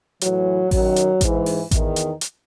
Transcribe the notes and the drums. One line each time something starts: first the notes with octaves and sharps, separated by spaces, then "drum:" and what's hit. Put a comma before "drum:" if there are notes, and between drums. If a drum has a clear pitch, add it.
A2 E3 F#3, drum: hi-hat
F#2 D#3 F#3, drum: kick A1, open hi-hat
drum: hi-hat
G#2 E3, drum: kick A1, hi-hat
drum: open hi-hat
E2 D#3, drum: kick A1, hi-hat
drum: hi-hat
drum: hi-hat